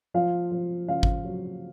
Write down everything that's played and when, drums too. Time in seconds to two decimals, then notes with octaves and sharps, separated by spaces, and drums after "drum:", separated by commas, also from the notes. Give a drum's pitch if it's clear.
0.14 F3 F4 F5
0.51 F3
0.88 C#3 F4 F5
1.03 drum: kick
1.24 F#3